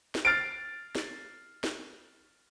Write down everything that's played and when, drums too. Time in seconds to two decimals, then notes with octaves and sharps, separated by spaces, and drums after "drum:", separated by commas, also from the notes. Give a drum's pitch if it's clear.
0.15 drum: snare
0.25 F6 A6 C7 D7
0.95 drum: snare
1.64 drum: snare